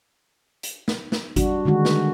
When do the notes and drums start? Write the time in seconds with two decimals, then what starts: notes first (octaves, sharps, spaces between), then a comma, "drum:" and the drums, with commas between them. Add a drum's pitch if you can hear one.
0.63 drum: hi-hat
0.88 drum: snare
1.12 drum: snare
1.36 G3 D4 F#4, drum: kick G#1, hi-hat
1.65 D3 D#3 G#3 F#4
1.85 drum: snare